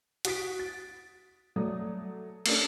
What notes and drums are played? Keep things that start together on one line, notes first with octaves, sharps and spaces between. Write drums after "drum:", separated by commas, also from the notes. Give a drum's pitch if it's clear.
F#4 D#6 B6 D7, drum: hi-hat
A6
F#3 A3 D5 D#6
A#3 C#4 D4 A4, drum: cymbal